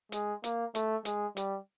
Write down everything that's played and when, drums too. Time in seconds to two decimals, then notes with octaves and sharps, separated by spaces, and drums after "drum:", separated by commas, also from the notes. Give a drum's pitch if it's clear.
0.12 G#3, drum: hi-hat
0.44 A#3, drum: hi-hat
0.75 A3, drum: hi-hat
1.05 G#3, drum: hi-hat
1.37 G3, drum: hi-hat